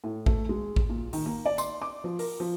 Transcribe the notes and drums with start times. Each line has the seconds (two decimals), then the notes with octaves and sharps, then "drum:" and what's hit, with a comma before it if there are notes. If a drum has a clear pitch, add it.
0.04 A2
0.26 A3, drum: kick A1
0.49 G#3
0.76 drum: kick A1
0.89 A#2
1.13 D#3, drum: open hi-hat
1.26 A#3
1.45 D5
1.58 C6, drum: tambourine
1.82 D6
2.04 F3
2.19 A#4, drum: open hi-hat
2.40 F3